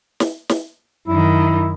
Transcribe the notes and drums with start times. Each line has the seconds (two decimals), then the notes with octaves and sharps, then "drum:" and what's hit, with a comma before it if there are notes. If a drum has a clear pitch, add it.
0.20 drum: snare
0.49 drum: snare
1.08 F#2 D#3 E4